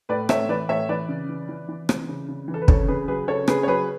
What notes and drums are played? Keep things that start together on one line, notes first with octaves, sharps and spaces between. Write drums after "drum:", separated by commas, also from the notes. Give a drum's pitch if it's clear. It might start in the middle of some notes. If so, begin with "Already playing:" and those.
A2 B4 D5
A2 C#5 E5, drum: rim click
E3 B4 D5
A2 C#5 E5
E3 B4 D5
C#3
E3
E3
E3
E3, drum: rim click
C#3
C#3
E3
A4
B4
C#3 A4 C#5, drum: kick
C#3 G#4 B4
F#3 G#4 B4
C#3 A4 C#5
C#3 G#4 B4, drum: rim click
C#5
F#3 G#4 B4